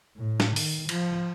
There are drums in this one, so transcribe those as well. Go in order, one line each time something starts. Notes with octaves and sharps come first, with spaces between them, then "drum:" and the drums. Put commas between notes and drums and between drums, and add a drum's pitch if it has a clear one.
A2
drum: snare
D#3, drum: open hi-hat
F3, drum: cymbal